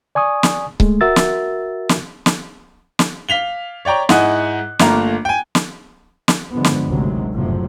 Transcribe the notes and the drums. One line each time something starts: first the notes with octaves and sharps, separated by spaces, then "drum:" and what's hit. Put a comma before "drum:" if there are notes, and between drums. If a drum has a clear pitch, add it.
D5 G#5 C#6 D#6
drum: snare
G#3 A3, drum: kick C#1
F#4 A#4 E5 E6 A6
drum: snare
drum: snare
drum: snare
drum: snare
F5 B6 F7 G7
C#5 D5 G5 A#5 C#6
G#2 E4 D#5 F#5 G#5 F#6, drum: snare
G1 A3 A#3 F4 A#5, drum: snare
G5 G#5
drum: snare
drum: snare
G2 D3 F3 G#3 B3
drum: snare
G#1 D2 C3 D#3 F#3 G#3
F#1 D2 A2 C3 F3 F#3